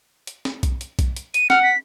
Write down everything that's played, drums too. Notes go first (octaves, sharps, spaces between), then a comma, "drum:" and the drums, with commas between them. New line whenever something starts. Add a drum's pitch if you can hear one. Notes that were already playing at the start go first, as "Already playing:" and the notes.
drum: hi-hat
drum: snare
drum: kick B1, hi-hat
drum: hi-hat
drum: kick B1, hi-hat
drum: hi-hat
D#7, drum: hi-hat
F#5 F6, drum: snare
B6